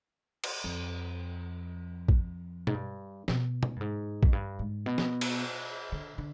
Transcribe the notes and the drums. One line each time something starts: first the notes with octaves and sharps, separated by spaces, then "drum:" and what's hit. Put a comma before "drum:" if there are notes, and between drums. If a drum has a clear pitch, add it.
drum: cymbal
F2
drum: kick A#1
G#2, drum: tom B2
G2
B2, drum: snare
drum: tom B2
G2
G#2
F2, drum: kick A#1
G2
G#2
B2
drum: snare
drum: cymbal
D3
D3